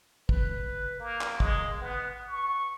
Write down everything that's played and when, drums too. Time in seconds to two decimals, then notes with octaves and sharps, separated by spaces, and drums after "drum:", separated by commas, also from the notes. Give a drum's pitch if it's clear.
0.29 B4, drum: kick
1.00 A#3
1.21 drum: clap
1.40 G#3, drum: kick
1.81 B3
2.28 C#6